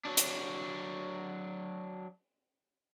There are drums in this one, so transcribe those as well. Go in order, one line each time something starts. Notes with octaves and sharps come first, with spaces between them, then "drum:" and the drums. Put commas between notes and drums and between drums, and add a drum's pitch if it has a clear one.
F#3 D4
drum: hi-hat